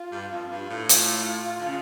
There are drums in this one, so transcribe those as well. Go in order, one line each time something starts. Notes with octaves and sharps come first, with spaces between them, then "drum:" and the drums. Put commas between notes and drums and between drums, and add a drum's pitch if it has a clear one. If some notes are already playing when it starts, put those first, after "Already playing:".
Already playing: F4
G2
F2
G2
A2
F4, drum: hi-hat
D3
C#3